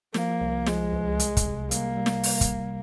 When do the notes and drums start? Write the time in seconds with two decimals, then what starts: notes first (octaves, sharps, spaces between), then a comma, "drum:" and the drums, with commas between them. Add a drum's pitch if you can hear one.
0.14 F3 A#3, drum: snare
0.41 C2
0.67 F3 G#3, drum: snare
0.93 C#2
1.20 C2, drum: hi-hat
1.37 drum: kick, hi-hat
1.46 C3
1.71 G3 A#3, drum: hi-hat
1.97 G3
2.06 drum: snare
2.23 drum: open hi-hat
2.41 drum: kick, hi-hat